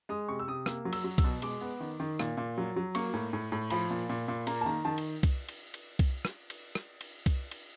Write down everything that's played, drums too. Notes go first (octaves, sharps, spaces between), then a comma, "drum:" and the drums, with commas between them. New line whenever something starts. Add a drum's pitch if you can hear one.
G#3 D#6
C3 C#6
E6
C3 D#6
A#3 E6, drum: rim click
F#3
E6, drum: cymbal
F#3
E6, drum: kick C2, cymbal
B2
G#3 D6, drum: cymbal
B3
D#3
D#3
A#2, drum: rim click
A#2
F#3
F#3
A#3 C#6, drum: cymbal
A2
A2
A2
F3 B5, drum: cymbal
A#2
A#2
A#2
A#3 A#5, drum: cymbal
A5
D#3 A#5
D#3 A5
drum: cymbal
drum: kick C2, cymbal
drum: cymbal
drum: cymbal
drum: kick C2, cymbal
drum: rim click
drum: cymbal
drum: rim click
drum: cymbal
drum: kick C2, cymbal
drum: cymbal